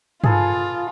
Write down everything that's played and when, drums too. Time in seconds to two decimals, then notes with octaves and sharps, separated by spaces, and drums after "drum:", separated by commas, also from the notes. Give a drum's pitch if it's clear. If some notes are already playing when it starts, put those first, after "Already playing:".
0.24 F4 G#4 A4 B4, drum: tom G2